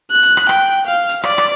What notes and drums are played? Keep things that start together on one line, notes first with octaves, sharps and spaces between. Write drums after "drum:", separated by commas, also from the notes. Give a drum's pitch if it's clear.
F#6
drum: hi-hat
drum: rim click
G5, drum: rim click
F5
drum: hi-hat
D5, drum: rim click
drum: rim click